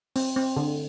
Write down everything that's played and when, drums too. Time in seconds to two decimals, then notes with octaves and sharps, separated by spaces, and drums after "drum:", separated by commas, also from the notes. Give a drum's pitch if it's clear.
0.16 C4, drum: open hi-hat
0.36 C4
0.57 D3